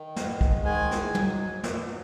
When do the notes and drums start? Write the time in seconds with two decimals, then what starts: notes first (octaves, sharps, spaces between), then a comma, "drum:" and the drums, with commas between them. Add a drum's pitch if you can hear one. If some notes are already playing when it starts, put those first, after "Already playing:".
Already playing: D#3
0.16 G#2, drum: snare
0.41 G#3, drum: kick
0.65 D#3 G#5
0.91 G#2, drum: snare
1.15 F#3, drum: tom
1.40 G#2
1.63 G#2, drum: snare
1.88 F#3